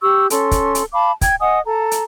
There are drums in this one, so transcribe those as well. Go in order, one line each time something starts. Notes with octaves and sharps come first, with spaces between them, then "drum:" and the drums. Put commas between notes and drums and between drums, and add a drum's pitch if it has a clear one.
G4 C#6 E6
C#4 A4 C6, drum: hi-hat
drum: kick, hi-hat
drum: hi-hat
F5 A5 B5 D6
G5 G#6, drum: kick, hi-hat
D#5 F#5 G#5 D#6
A4 A#5
drum: hi-hat